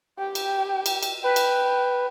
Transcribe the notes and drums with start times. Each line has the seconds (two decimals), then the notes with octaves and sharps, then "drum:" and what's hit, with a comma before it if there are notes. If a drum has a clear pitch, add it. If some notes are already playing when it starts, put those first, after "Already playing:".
0.18 G4 G5
0.35 drum: cymbal
0.86 drum: cymbal
1.03 drum: cymbal
1.24 B4 G5
1.36 drum: cymbal